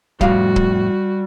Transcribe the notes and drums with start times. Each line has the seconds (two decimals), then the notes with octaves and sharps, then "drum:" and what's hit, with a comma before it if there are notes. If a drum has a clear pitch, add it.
0.21 F2 A2 G3 F#4 F5, drum: kick
0.56 drum: kick